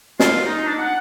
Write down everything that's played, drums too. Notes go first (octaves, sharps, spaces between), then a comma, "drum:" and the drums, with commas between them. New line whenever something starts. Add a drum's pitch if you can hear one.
F4, drum: snare
D#4
D4
F#5